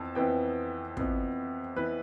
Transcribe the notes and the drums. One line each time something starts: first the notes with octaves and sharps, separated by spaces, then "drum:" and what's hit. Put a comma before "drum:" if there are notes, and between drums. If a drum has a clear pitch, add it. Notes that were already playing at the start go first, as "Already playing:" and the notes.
Already playing: F2 E3 B3 A5
F2 E3 B3 G5
F2 E3 B3, drum: kick
E3 B3 B4